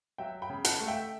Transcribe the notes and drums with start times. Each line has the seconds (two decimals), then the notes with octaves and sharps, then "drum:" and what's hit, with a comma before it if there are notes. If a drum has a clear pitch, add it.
0.18 F#3 E5 G5
0.42 G5 B5
0.50 C#3
0.65 F#5 A5, drum: hi-hat
0.80 A3
0.88 E5 G5